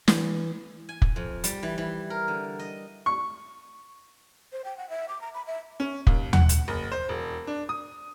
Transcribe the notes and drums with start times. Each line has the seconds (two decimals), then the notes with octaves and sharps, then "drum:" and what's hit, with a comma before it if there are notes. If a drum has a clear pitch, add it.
0.08 E3, drum: snare
0.89 G#5
1.02 drum: kick
1.16 F2
1.44 G3, drum: hi-hat
1.63 E3
1.78 E3
2.10 A#4
2.28 D3
2.59 D#5
3.06 C#6
4.52 C5
4.65 G5
4.78 F#5
4.90 E5
5.09 D6
5.21 A#5
5.34 B5
5.47 E5
5.80 C#4
6.07 D#2, drum: kick
6.33 F#5, drum: tom
6.49 drum: hi-hat
6.68 F#1
6.92 C5
7.09 E1
7.47 D4
7.69 D#6